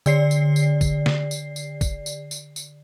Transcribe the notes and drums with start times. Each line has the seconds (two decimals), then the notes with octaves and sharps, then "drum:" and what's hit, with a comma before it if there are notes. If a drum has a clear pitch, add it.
0.06 D3 D5 C7, drum: tambourine
0.31 drum: tambourine
0.56 drum: tambourine
0.81 drum: kick, tambourine
1.06 drum: snare
1.31 drum: tambourine
1.56 drum: tambourine
1.81 drum: kick, tambourine
2.06 drum: tambourine
2.31 drum: tambourine
2.56 drum: tambourine